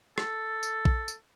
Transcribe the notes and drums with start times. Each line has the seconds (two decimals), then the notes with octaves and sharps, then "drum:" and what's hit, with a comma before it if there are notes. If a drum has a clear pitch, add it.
0.18 A4, drum: rim click
0.63 drum: tambourine
0.85 drum: kick A#1
1.08 drum: tambourine